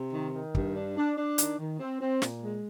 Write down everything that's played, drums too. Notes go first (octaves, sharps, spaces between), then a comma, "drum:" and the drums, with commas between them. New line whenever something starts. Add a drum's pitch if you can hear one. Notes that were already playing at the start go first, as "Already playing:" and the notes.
Already playing: C3
D#3
D#3
G2, drum: kick
D4
D4
D4
D#3, drum: hi-hat
D#3
C4
C4
A#2, drum: snare
G#3